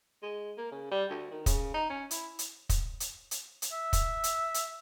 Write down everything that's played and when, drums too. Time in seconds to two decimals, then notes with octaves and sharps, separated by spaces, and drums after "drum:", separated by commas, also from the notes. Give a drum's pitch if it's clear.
0.22 G#3
0.57 A#3
0.71 C#3
0.91 G3
1.10 D2
1.31 D#3
1.46 C#3, drum: kick, hi-hat
1.74 D#4
1.90 C#4
2.11 E4, drum: hi-hat
2.39 drum: hi-hat
2.69 drum: kick, hi-hat
3.00 drum: hi-hat
3.31 drum: hi-hat
3.62 drum: hi-hat
3.72 E5
3.93 drum: kick, hi-hat
4.24 drum: hi-hat
4.54 drum: hi-hat